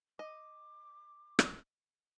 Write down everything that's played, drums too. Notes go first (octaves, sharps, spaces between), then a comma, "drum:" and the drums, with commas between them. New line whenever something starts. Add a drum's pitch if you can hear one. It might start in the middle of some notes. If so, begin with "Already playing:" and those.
D#5 D6
drum: rim click